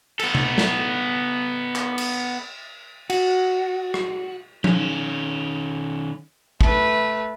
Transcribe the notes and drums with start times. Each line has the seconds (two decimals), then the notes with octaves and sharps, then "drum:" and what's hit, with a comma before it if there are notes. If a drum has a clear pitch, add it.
0.19 B3 A4, drum: cymbal
0.35 drum: tom C3
0.58 drum: snare
1.76 drum: clap
1.98 drum: cymbal
3.10 F#4, drum: cymbal
3.94 drum: rim click
4.64 D#3 C#4, drum: tom F3
6.61 A3 B4, drum: kick